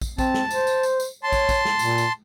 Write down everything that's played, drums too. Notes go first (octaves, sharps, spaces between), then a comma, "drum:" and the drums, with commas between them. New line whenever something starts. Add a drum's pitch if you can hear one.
drum: kick, tambourine
C4 A5, drum: kick, tambourine
drum: snare
C5, drum: tambourine
drum: tambourine
drum: tambourine
drum: tambourine
C#5 A5 C6
drum: kick, tambourine
drum: kick, tambourine
drum: snare
A#2, drum: tambourine
drum: tambourine